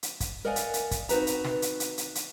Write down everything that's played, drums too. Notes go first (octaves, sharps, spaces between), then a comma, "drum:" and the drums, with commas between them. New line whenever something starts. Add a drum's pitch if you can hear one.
drum: hi-hat
drum: kick, hi-hat
A#4 D5 D#5 F5 F#5 G#5
drum: hi-hat
drum: hi-hat
drum: kick, hi-hat
C4 D#4 F#4 B4 A#5, drum: hi-hat
drum: hi-hat
drum: snare
drum: hi-hat
drum: hi-hat
drum: hi-hat
drum: hi-hat